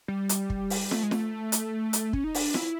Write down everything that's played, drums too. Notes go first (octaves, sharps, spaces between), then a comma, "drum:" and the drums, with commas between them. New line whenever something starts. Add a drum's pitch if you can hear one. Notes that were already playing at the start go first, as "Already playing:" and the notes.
G3
drum: hi-hat
drum: kick
drum: open hi-hat
A3, drum: snare
G#3
A3, drum: snare
drum: hi-hat
drum: hi-hat
C#4, drum: kick
D#4
D4, drum: open hi-hat
E4, drum: snare